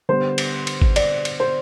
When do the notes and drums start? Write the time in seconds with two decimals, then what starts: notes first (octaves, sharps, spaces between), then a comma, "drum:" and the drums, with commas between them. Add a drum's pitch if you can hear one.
0.09 D3 G3 B3 C5
0.38 drum: cymbal
0.67 drum: cymbal
0.82 drum: kick G#1
0.96 D5, drum: cymbal
1.25 drum: cymbal
1.40 C5